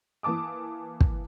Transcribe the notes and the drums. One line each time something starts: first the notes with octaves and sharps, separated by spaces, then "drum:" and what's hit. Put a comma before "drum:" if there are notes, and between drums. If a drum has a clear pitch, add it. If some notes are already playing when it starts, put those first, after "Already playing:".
E3 A#3 A5 D6 D#6
drum: kick